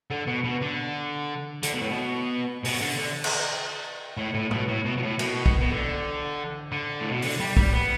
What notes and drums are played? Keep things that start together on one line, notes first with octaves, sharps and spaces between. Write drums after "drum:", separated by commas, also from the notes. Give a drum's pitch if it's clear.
D3
B2
B2
D3
D3, drum: hi-hat
B2
A2
B2
B2, drum: open hi-hat
D3
D3
drum: cymbal
A2
A2
B2, drum: tom A2
A2
B2
B2
A2
B2, drum: cymbal
drum: kick
B2
D3
D3
A2
B2
D3, drum: open hi-hat
G3
G3, drum: kick
B3